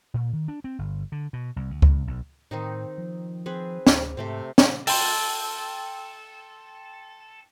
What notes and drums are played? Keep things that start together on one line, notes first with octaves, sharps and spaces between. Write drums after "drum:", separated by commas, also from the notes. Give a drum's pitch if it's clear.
A#2
D#3
D4
C4
G1
D3
B2
C2
D2
C#2, drum: kick C#2
B1
A2 D#3 C4 D#4
F3
C4 G#4 B4
D2, drum: snare
G#2 C3 A3 C4
drum: snare
A4 G5 C6, drum: open hi-hat